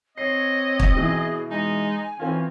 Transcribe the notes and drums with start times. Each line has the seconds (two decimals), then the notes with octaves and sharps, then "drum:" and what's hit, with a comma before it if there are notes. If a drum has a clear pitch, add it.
0.18 C4 C#5 D#5 C7
0.80 drum: kick
0.94 B2 E3 G#4
1.51 G#3 D#4 G#5
2.19 E3 C4 C#4 F4